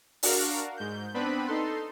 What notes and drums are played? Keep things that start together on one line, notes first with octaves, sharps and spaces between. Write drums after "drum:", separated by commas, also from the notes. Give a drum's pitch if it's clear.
D4 F#4 A#4 F5, drum: open hi-hat
G#2 G6
B3 C4 D4 B4 B5
D#4 A4 C6